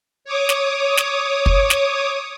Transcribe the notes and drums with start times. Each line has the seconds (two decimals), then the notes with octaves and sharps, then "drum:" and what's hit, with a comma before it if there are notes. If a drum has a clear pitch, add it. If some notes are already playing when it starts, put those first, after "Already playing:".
0.25 C#5 D6 D#6
0.49 drum: snare
0.97 drum: snare
1.46 drum: kick
1.70 drum: snare